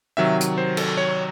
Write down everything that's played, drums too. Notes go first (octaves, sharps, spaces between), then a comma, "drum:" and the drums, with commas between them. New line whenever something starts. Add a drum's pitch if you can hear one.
C3 D#3 F#3 E5
drum: hi-hat
C5
A4, drum: cymbal
C#5